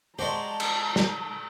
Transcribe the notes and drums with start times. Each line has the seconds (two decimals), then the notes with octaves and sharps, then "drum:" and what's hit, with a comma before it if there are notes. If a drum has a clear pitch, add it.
0.19 G#3 F#4 G4 C5 D5 A5 A#5
0.60 drum: cymbal
0.96 drum: snare